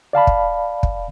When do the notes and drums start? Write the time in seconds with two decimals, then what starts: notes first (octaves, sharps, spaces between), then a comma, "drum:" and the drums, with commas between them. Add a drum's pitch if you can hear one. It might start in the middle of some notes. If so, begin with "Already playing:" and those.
0.13 D5 F5 A5 B5
0.27 drum: kick
0.83 drum: kick